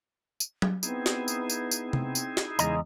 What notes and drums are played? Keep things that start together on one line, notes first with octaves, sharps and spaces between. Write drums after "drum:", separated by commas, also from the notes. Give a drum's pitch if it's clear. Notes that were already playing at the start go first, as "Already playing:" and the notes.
drum: tambourine
drum: tom F#3
B3 C4 D#4 E4 G#4, drum: tambourine
drum: snare
drum: tambourine
drum: tambourine
drum: tambourine
C4
drum: tom C3
drum: tambourine
drum: snare
E2 C#3 G#3 D#5 A#5, drum: tambourine